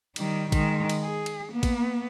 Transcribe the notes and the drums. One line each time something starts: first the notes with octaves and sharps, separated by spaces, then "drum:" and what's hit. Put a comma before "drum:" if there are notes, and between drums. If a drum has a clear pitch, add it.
D#3 G3, drum: cymbal
D#3 G#3, drum: kick, cymbal
drum: cymbal
G#4
drum: cymbal
A#3 B3
drum: kick, cymbal